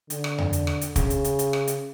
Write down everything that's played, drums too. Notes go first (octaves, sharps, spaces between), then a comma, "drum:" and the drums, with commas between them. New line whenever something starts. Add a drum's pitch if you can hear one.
D3, drum: hi-hat
drum: rim click
drum: tom E2
drum: hi-hat
drum: rim click
drum: hi-hat
C#3, drum: kick, hi-hat
drum: hi-hat
drum: hi-hat
drum: hi-hat
drum: rim click
drum: hi-hat